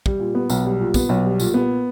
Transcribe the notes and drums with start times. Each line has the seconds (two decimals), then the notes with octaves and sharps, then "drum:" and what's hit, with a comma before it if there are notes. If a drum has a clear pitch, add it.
0.06 G3, drum: kick
0.20 A#2
0.35 B3
0.50 B1, drum: tambourine
0.65 G3
0.80 A#2
0.94 B3, drum: kick, tambourine
1.09 B1
1.24 G3
1.40 A#2, drum: tambourine
1.54 B3